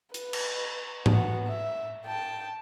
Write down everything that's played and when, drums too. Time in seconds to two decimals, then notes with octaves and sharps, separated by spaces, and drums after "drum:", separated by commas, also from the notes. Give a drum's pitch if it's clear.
0.14 B4, drum: hi-hat
0.33 drum: cymbal
1.06 B3 F#4, drum: tom G#2
1.47 E5
2.05 G5 A5